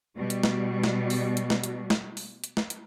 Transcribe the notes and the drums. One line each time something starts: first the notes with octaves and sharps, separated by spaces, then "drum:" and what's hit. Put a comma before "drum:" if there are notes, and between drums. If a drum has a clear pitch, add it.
B2 G3
drum: hi-hat
drum: snare
drum: snare
drum: open hi-hat
drum: hi-hat
drum: snare
drum: hi-hat
drum: snare
drum: open hi-hat
drum: hi-hat
drum: snare
drum: hi-hat